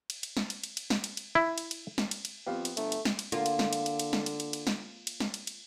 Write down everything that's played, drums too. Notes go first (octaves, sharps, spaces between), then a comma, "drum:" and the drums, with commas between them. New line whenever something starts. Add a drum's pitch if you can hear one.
drum: cymbal
drum: cymbal
drum: snare
drum: cymbal
drum: cymbal
drum: cymbal
drum: snare
drum: cymbal
drum: cymbal
E4
drum: cymbal
drum: cymbal
drum: snare
drum: cymbal
drum: cymbal
F2 B3 G4 F5
drum: cymbal
G1 A3, drum: cymbal
drum: cymbal
drum: snare
drum: cymbal
D3 A#3 F4, drum: cymbal
drum: cymbal
drum: snare
drum: cymbal
drum: cymbal
drum: cymbal
drum: snare
drum: cymbal
drum: cymbal
drum: cymbal
drum: snare
drum: cymbal
drum: snare
drum: cymbal
drum: cymbal